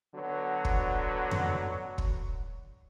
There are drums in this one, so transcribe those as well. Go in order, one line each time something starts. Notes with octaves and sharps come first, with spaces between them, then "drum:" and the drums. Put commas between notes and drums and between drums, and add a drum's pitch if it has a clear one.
D3 F#3 B3 F#4
drum: kick
drum: tom F2
drum: kick